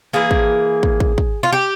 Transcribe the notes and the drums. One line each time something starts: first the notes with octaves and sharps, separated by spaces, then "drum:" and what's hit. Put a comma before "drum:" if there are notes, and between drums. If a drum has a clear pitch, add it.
E3 A#3 G#4
drum: kick
drum: kick
drum: kick
drum: kick
F4
G4